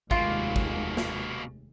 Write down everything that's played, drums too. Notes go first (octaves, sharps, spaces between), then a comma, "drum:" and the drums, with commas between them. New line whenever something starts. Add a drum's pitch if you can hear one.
F1 D#2 B2 G#3 A#3 F4, drum: kick
drum: kick
drum: snare